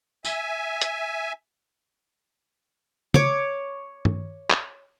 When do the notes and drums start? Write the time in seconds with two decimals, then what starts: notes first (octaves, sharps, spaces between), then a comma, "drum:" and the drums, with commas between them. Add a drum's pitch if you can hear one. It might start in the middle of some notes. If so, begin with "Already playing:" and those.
0.25 E5 G#5, drum: tambourine
0.81 drum: hi-hat
3.14 C#5 D6, drum: tom
4.05 drum: tom G2
4.50 drum: clap